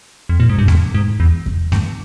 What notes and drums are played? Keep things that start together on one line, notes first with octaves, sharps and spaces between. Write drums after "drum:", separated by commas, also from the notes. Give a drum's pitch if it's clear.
F2
A#2
G#2
G2
F2, drum: snare A3
G#2
E2
drum: kick E2
G2, drum: snare A3